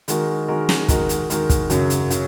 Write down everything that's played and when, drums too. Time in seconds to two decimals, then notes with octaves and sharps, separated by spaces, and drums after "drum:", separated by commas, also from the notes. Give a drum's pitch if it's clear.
0.08 D#3 G#3 F#4 A#4, drum: hi-hat
0.48 D#3 G#3 F#4 A#4
0.69 drum: snare
0.88 D#3 G#3 F#4 A#4, drum: kick, hi-hat
1.09 drum: hi-hat
1.30 D#3 G#3 F#4 A#4, drum: hi-hat
1.49 drum: kick, hi-hat
1.70 F#2 C#3 F#3, drum: hi-hat
1.90 drum: hi-hat
2.10 C#3 F#3, drum: hi-hat